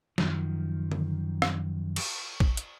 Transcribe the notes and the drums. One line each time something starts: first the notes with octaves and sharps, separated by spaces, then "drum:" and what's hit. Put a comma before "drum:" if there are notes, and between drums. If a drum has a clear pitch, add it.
F#2 D#3 F3, drum: snare
drum: tom D3
drum: rim click
drum: cymbal
drum: kick
drum: hi-hat